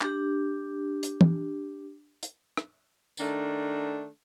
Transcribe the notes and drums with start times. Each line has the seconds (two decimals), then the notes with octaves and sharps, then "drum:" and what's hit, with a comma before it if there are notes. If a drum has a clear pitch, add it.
0.01 D4 G4, drum: clap
1.03 drum: hi-hat
1.21 drum: tom
2.23 drum: hi-hat
2.57 drum: rim click
3.17 D#3 A3 D4, drum: tambourine